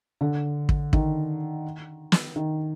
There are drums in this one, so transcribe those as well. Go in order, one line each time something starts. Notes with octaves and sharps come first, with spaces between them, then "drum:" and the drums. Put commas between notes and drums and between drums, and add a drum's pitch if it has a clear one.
D3
drum: kick
D#3, drum: kick
drum: snare
D#3